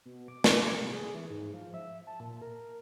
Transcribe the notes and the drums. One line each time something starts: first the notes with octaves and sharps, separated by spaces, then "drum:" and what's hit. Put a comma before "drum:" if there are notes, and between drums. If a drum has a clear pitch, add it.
B2
D6
drum: snare
C3
G#4
E3
G#2
F3
E5
A5
A#2
A#4